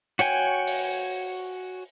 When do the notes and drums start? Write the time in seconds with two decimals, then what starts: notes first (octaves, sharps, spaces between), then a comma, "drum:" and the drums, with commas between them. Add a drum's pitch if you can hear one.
0.19 F#4 C#5 G5 G#5, drum: hi-hat
0.67 drum: open hi-hat